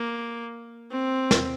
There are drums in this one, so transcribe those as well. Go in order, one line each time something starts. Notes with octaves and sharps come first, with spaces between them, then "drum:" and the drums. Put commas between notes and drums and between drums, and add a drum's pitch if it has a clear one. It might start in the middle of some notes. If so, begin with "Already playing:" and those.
Already playing: A#3
C4
drum: snare